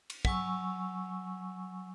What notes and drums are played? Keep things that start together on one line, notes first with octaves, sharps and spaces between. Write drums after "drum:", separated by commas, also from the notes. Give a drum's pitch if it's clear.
drum: cymbal
F#3 G#5 C#6 E6, drum: kick